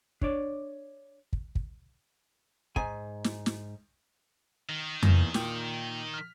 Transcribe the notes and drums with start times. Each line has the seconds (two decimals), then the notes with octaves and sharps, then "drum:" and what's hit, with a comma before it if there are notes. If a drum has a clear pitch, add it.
0.21 D4 C#5 D5, drum: kick
1.33 drum: kick
1.55 drum: kick
2.76 G#2 G#5, drum: kick
3.24 drum: snare
3.46 drum: snare
4.69 D#3
5.03 E2 A#3, drum: tom F2
5.34 A#2 G5, drum: snare
6.14 F6 B6